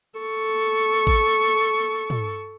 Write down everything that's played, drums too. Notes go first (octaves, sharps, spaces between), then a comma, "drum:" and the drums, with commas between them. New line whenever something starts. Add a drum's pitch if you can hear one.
A4 C#6
drum: kick A1
drum: tom